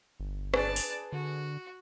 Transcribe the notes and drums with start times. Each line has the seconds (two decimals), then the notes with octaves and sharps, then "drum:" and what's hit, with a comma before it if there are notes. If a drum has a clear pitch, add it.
0.20 G1
0.54 D4 G#4 B4 D5 A5, drum: rim click
0.76 drum: open hi-hat
1.12 D3 F#4